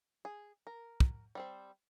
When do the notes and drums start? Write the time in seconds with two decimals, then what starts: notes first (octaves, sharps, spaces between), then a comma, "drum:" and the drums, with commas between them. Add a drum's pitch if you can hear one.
0.25 G#4
0.67 A#4
1.00 drum: kick
1.35 G3 C4 C5